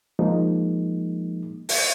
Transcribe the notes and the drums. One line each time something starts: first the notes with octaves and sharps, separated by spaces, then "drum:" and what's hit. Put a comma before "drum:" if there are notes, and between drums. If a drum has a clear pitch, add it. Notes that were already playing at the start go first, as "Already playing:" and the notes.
F3 G#3 A#3 D#4
drum: open hi-hat